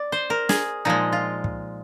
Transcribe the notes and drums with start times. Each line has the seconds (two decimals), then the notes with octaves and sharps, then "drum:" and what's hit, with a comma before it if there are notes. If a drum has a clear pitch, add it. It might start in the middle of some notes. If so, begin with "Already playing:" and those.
Already playing: D5
0.12 C5
0.30 A#4
0.49 G#4, drum: snare
0.85 A#2 F3 G#3 D#4
1.12 F4
1.44 drum: kick